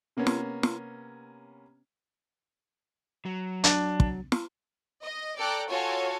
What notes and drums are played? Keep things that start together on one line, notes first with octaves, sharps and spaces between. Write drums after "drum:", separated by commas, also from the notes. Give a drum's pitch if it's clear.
C3 A#3 B3 C#4
drum: snare
drum: snare
F#3
D4, drum: hi-hat
drum: kick
drum: snare
D#5
A4 D5 G5 A#5 F#6
F4 F#4 A4 C#5 G#5 A5